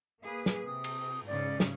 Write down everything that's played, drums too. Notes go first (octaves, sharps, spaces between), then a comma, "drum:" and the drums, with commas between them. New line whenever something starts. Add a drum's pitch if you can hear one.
A#3 G#4 B4
drum: snare
C3 D#6
drum: cymbal
G#2 C#3 C#4 D5
drum: snare